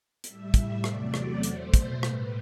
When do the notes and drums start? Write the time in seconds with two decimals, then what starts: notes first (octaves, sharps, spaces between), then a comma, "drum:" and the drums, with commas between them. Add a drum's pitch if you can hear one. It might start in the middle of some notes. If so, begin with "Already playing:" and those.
0.24 A2 G3 E5, drum: hi-hat
0.54 drum: kick, hi-hat
0.84 E2 C3 F#3 A3 D5, drum: rim click
1.14 drum: rim click
1.43 B2 A3 C5, drum: hi-hat
1.74 drum: kick, hi-hat
2.03 A2 G3 B4, drum: rim click